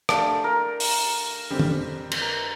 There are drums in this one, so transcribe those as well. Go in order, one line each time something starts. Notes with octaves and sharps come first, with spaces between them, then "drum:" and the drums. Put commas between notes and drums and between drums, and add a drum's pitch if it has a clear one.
A3 D4 G4 A4 D5 F5, drum: rim click
A#4
drum: open hi-hat
F2 D3 G3 C4 G4
drum: tom
C5, drum: cymbal
A#4